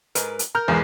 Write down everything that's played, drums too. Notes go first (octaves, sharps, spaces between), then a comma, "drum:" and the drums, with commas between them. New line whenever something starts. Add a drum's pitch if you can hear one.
G#2 A#4 B4, drum: hi-hat
drum: hi-hat
A#4 A#5 F6 G6
B1 E2 G#3